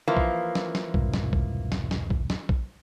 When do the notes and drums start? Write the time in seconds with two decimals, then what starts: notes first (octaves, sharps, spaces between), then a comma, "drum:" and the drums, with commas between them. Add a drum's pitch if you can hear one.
0.08 E3 F3 A#3
0.17 drum: kick A#1
0.55 drum: snare
0.75 drum: snare
0.94 E1 C2 G#2, drum: kick A#1
1.14 drum: snare
1.33 drum: kick A#1
1.72 drum: snare
1.91 drum: snare
2.10 drum: kick A#1
2.30 drum: snare
2.49 drum: kick A#1